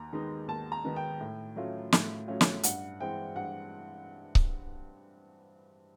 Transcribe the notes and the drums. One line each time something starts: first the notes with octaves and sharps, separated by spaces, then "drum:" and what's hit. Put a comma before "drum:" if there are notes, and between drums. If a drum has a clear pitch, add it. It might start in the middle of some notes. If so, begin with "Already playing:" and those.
Already playing: D#2 A#5
D#3 G#3 B3 D#4
D#2 A5
A#5
D#3 G#3 B3 D#4
G5
A2
F#3 A3 C#4 F4
A2, drum: snare
F#3 A3 C#4 F4
drum: snare
G2 F#5, drum: hi-hat
E3 G#3 C4 E4 G5
G2 F#5
drum: kick C#1